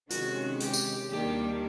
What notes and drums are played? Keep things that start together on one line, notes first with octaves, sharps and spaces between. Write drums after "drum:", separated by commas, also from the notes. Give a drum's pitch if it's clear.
C3 D#3 G#3 C#4 F#4, drum: hi-hat
G4, drum: hi-hat
drum: tambourine
D#2 D#3 G3 A#3 D4 G4